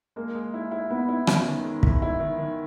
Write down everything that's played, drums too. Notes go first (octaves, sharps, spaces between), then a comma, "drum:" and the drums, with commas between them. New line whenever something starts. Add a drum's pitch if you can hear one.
G#3 A#3
G#3
E4
E4
B3 E4
E4
C#4, drum: rim click
D#3
G#3
E4, drum: kick
E4
D#3
D#3